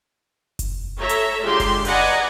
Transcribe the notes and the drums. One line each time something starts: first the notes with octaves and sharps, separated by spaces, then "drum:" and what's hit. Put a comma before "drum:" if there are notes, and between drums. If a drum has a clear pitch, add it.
drum: kick F#1, hi-hat
A4 C#5 E5 A#5
drum: hi-hat
D3 G#3 F4 G4 C6
drum: kick F#1, open hi-hat
B4 D5 D#5 F#5 G#5 A#5, drum: open hi-hat